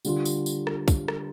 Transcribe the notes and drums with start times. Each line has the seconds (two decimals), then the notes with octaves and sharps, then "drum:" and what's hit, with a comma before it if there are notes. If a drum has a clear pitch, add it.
0.05 D3 G3 D4 F4, drum: tambourine
0.25 drum: tambourine
0.46 drum: tambourine
0.67 drum: rim click
0.88 drum: kick, tambourine
1.08 drum: rim click